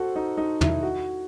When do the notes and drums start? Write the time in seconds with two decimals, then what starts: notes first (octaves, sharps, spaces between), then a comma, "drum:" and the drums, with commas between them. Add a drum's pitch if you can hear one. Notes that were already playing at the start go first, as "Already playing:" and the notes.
Already playing: F#4 A4 C5
0.16 D#4
0.38 D#4
0.61 E4, drum: tom
0.83 F#4